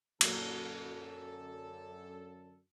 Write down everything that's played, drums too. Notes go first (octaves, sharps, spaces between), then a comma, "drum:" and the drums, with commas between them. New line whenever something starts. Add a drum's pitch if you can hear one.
F#2 A#2 D3 F#3 A#3 A4, drum: cymbal